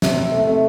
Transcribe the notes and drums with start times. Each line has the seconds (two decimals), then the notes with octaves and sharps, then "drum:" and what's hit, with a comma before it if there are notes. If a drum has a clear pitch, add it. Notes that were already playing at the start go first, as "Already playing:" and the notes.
0.02 C3, drum: snare
0.17 C3
0.32 A3
0.47 A3